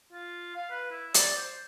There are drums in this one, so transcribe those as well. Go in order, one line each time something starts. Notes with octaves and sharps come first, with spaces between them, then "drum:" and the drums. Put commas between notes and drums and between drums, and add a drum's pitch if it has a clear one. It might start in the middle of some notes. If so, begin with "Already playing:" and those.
F4
F5
B4
E4
D5, drum: hi-hat
C5